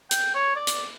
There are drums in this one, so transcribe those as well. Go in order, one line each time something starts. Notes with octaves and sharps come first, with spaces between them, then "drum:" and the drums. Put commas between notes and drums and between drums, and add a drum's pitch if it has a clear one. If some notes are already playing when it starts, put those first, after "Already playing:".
G5, drum: hi-hat
C#5
D5
drum: hi-hat